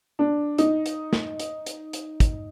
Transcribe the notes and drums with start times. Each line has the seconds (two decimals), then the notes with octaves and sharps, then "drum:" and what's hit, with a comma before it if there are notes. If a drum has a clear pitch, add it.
0.19 D4
0.58 D#4, drum: hi-hat
0.86 drum: hi-hat
1.13 drum: snare
1.40 drum: hi-hat
1.66 drum: hi-hat
1.93 drum: hi-hat
2.20 drum: kick, hi-hat